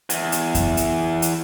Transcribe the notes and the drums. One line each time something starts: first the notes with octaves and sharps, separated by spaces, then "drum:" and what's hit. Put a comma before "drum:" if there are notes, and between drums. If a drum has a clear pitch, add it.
E2, drum: hi-hat
drum: hi-hat
drum: kick F2, hi-hat
drum: hi-hat
drum: hi-hat